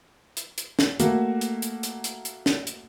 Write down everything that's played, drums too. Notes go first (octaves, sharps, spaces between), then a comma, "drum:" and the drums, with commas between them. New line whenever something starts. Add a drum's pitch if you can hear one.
drum: hi-hat
drum: hi-hat
drum: snare
A3 A#3 F#4, drum: hi-hat
drum: hi-hat
drum: hi-hat
drum: hi-hat
drum: hi-hat
drum: hi-hat
drum: snare
drum: hi-hat